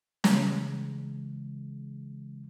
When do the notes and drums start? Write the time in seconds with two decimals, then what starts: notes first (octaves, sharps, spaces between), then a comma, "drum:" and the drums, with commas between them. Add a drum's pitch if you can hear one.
0.24 C#3 E3 G#3, drum: snare